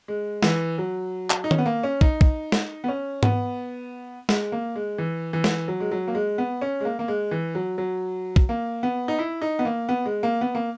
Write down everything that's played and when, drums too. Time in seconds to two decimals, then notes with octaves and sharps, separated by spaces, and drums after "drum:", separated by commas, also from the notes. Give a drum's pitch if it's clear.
0.08 G#3
0.43 E3, drum: snare
0.78 F#3
1.30 drum: clap
1.44 D#4
1.51 C#4, drum: tom D#3
1.58 B3
1.66 A#3
1.83 C#4
2.01 D#4, drum: kick
2.21 drum: kick
2.52 drum: snare
2.84 B3
2.88 C#4
3.23 B3, drum: tom G#2
4.29 G#3, drum: snare
4.52 A#3
4.76 G#3
4.98 E3
5.33 E3
5.44 drum: snare
5.68 F#3
5.80 G#3
5.91 F#3
6.08 A#3
6.15 G#3
6.38 B3
6.62 C#4
6.80 G#3
6.85 A#3
6.99 A#3
7.08 G#3
7.31 E3
7.55 F#3
7.78 F#3
8.36 drum: kick
8.49 A#3
8.83 B3
9.08 D#4
9.19 E4
9.41 D#4
9.59 B3
9.65 A#3
9.89 B3
10.06 G#3
10.23 A#3
10.41 B3
10.55 A#3